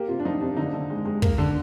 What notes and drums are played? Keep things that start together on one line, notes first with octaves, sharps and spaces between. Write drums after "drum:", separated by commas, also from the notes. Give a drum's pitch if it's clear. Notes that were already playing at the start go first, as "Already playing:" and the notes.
Already playing: A#3 G4
C3 F4
D4
F3 D#4
C3 D4
D3 D#4
D3
G#3
G#3
A#3, drum: kick
D3